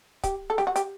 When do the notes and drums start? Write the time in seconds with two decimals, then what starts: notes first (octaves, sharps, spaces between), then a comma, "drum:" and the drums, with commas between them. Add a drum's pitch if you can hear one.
0.24 G4, drum: kick C#1, hi-hat
0.50 A4
0.58 G4, drum: snare
0.67 F#4
0.76 G4, drum: hi-hat